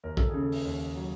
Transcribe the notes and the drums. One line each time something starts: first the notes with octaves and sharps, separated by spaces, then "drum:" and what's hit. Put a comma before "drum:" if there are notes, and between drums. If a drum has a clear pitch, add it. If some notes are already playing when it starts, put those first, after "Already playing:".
D#2 A#4
A4, drum: kick
C#3 G#4
A4
drum: open hi-hat
D#2
F#3